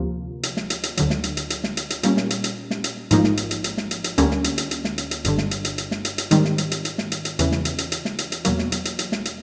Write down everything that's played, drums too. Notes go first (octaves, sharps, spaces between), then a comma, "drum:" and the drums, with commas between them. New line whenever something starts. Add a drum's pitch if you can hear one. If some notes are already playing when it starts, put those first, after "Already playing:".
Already playing: D2 C3 F3 A#3
drum: hi-hat
drum: snare
drum: hi-hat
drum: hi-hat
D2 D3 F#3, drum: hi-hat
drum: snare
drum: hi-hat
drum: hi-hat
drum: hi-hat
drum: snare
drum: hi-hat
drum: hi-hat
A#2 G3 A#3 C#4, drum: hi-hat
drum: snare
drum: hi-hat
drum: hi-hat
drum: snare
drum: hi-hat
A1 G#2 F3 A#3 D#4, drum: hi-hat
drum: snare
drum: hi-hat
drum: hi-hat
drum: hi-hat
drum: snare
drum: hi-hat
drum: hi-hat
D2 D3 G3 A#3 C#4, drum: hi-hat
drum: snare
drum: hi-hat
drum: hi-hat
drum: hi-hat
drum: snare
drum: hi-hat
drum: hi-hat
G1 G2 D3, drum: hi-hat
drum: snare
drum: hi-hat
drum: hi-hat
drum: hi-hat
drum: snare
drum: hi-hat
drum: hi-hat
G#2 D#3 G3 C4, drum: hi-hat
drum: snare
drum: hi-hat
drum: hi-hat
drum: hi-hat
drum: snare
drum: hi-hat
drum: hi-hat
E2 C#3 E3, drum: hi-hat
drum: snare
drum: hi-hat
drum: hi-hat
drum: hi-hat
drum: snare
drum: hi-hat
drum: hi-hat
E2 B2 F#3 A#3, drum: hi-hat
drum: snare
drum: hi-hat
drum: hi-hat
drum: hi-hat
drum: snare
drum: hi-hat